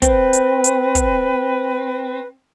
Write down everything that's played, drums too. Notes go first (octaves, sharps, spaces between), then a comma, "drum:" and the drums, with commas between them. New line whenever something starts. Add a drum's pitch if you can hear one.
C4 B4, drum: kick, hi-hat
drum: hi-hat
drum: hi-hat
drum: kick, hi-hat